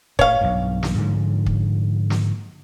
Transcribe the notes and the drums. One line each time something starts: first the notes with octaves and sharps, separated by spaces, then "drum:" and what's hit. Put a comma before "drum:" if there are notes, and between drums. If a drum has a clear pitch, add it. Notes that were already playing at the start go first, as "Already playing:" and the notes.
A2 C#5 F5, drum: kick
B1 G2
drum: snare
G#2 D3 F3
drum: kick
drum: snare